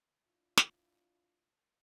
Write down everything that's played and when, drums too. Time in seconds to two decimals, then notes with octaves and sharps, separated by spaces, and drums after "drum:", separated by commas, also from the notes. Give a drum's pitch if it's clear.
0.24 D4 E4 F4
0.57 drum: snare